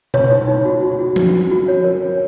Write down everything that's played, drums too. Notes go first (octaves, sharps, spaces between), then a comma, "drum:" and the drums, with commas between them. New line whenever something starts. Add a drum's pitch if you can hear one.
B4 C#5, drum: tom B2
D#4
D#4
F#4
F#4
F#4
B4, drum: tom F3
F#4
F#4
C#5
A#4
C#5